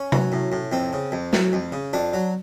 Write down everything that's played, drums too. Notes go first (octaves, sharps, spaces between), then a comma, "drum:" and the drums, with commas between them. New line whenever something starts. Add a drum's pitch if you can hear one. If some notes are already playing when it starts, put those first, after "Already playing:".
Already playing: C#4
F#3, drum: tom C3
A2
A2
F2 C4
C#3
F2
F#3, drum: snare
F2
C#3
F2 D4
F#3